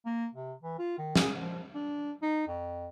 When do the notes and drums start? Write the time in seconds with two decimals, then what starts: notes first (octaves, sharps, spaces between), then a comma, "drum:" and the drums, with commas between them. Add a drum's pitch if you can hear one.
0.05 A#3
0.34 C3
0.62 E3
0.79 F4
0.98 D#3
1.16 G#4, drum: snare
1.36 F3
1.74 D4
2.22 D#4
2.47 F2